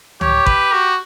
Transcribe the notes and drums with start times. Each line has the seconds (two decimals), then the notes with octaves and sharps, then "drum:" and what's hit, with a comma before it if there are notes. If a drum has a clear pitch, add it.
0.21 G4 C#5, drum: tom C#2
0.46 B4, drum: kick G#1
0.73 F#4